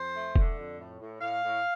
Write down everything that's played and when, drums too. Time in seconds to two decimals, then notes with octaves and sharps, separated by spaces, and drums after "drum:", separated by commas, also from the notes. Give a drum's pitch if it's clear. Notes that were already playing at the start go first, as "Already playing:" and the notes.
Already playing: F2 C5
0.15 A3
0.36 D3, drum: kick
0.58 F2
0.79 A2
1.00 A2
1.21 A2 F5
1.42 A2